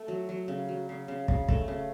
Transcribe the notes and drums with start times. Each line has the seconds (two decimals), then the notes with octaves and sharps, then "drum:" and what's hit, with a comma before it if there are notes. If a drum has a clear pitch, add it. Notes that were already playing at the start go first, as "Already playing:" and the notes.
Already playing: A3
0.08 F#3
0.29 F#3
0.48 C#3
0.69 F#3
0.89 C#3
1.08 C#3
1.28 C#3, drum: kick
1.49 A3, drum: kick
1.68 C#3